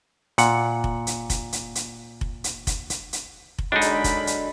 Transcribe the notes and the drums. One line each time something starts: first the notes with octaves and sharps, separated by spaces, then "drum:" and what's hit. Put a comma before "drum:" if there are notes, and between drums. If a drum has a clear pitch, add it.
A#2 F#5, drum: hi-hat
drum: kick F1
drum: hi-hat
drum: kick F1, hi-hat
drum: hi-hat
drum: hi-hat
drum: kick F1
drum: hi-hat
drum: kick F1, hi-hat
drum: hi-hat
drum: hi-hat
drum: kick F1
D3 F#3 G#3 D4 D#4 A#4 A5 B5
drum: hi-hat
drum: kick F1, hi-hat
drum: hi-hat